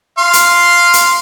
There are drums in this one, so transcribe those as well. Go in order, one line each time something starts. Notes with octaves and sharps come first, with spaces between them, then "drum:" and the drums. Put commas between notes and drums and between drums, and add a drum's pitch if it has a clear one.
F5 C6
drum: hi-hat
drum: hi-hat